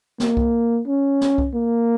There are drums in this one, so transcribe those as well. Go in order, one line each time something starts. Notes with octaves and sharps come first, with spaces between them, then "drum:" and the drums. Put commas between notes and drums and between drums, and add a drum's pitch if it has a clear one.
A#3, drum: snare
drum: kick C2
C#4
drum: snare
drum: kick C2
A#3